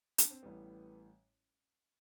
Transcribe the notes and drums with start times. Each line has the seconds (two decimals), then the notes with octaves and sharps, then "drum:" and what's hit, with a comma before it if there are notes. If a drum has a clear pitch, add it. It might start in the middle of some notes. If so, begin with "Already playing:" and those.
0.18 D4, drum: hi-hat
0.30 C4
0.43 A1 A2 E3 G3 B3